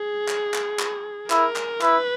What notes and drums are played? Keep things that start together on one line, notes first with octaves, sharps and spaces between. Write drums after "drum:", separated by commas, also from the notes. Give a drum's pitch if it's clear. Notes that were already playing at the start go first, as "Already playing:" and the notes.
Already playing: G#4
drum: clap
drum: clap
drum: clap
E4 A#4, drum: clap
drum: clap
E4 B4, drum: clap